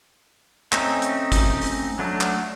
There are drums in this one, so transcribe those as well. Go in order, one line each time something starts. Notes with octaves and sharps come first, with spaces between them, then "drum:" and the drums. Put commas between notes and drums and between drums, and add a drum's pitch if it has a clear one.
A3 C4 C#4 D#4, drum: clap
drum: hi-hat
drum: kick, hi-hat
drum: open hi-hat
F#3 A3 D4
drum: clap